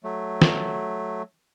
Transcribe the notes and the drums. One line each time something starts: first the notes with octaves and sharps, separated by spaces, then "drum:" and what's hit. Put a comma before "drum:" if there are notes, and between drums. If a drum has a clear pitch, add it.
F#3 A3
drum: snare